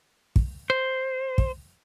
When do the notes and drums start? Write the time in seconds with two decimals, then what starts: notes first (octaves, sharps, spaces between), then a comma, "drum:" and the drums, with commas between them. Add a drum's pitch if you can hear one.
0.36 drum: kick
0.70 C5
1.38 drum: kick